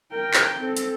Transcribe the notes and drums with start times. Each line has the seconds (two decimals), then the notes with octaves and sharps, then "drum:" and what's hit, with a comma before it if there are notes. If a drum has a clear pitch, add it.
0.12 A#4 G5
0.34 drum: clap
0.57 C4 A4
0.77 drum: hi-hat